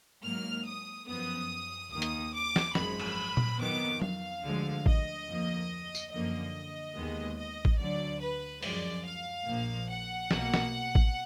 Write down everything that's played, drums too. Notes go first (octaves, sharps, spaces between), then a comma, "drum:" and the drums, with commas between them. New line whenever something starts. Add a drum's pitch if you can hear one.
G#2 F#3 A#3 F6
D#6
F#2 F3 B3 D#6
D#2 D#3 A#3 D#6
drum: hi-hat
D6
drum: snare
G#1 F#2 F3 G#3 B5, drum: snare
drum: cymbal
drum: tom A#2
F2 D#3 F#3 B3 D6
F5, drum: tom F#3
D2 D3 F3 G#3
D#5, drum: kick A1
F2 F3 A#3
drum: tambourine
F#2 D3 F3 A#3 D#5
D#2 D#3 G#3 B3
D#5
drum: kick A1
D2 D3 F#3 D5
B4
F#2 F3 G#3 D5, drum: open hi-hat
F5
A#1 A#2 F3 A#3
F#5
B1 B2 A#3, drum: snare
drum: snare
drum: kick A1